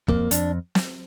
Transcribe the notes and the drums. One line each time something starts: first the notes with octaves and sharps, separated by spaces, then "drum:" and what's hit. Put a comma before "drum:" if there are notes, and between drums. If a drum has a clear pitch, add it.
F2 A#3, drum: kick
F2 D4, drum: hi-hat
drum: snare